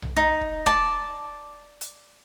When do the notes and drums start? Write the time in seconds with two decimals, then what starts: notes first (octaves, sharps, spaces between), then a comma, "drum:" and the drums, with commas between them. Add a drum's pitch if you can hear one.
0.02 drum: tom B1
0.17 D#4
0.41 drum: kick
0.66 D5 A5, drum: kick
1.81 drum: hi-hat